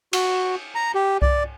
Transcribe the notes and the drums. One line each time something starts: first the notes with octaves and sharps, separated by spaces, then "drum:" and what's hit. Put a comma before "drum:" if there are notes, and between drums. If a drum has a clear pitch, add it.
F#4, drum: cymbal
A#5
G4
D5, drum: kick C2